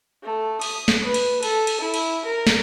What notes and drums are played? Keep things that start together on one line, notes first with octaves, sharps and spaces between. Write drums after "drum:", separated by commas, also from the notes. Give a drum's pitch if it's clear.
A3
D#6, drum: cymbal
drum: snare
B4
drum: cymbal
A4, drum: cymbal
drum: cymbal
E4
drum: cymbal
A#4
drum: snare